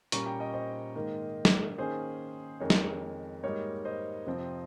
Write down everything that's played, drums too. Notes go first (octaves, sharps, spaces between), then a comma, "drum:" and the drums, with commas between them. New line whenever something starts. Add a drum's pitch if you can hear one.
A#2 G3 A#3 C#4 A#5 C#6, drum: hi-hat
G5 A#5
D#5 G5
C5 D#5
G#2 D#3 A#3
drum: snare
D#3 A#3 C#4 G#4 C5
F2 D#3 G#3 A#4 C#5
drum: snare
G#2 G3 A#3 D#4 A#4 C#5
C5 D#5
F2 C3 F3 C4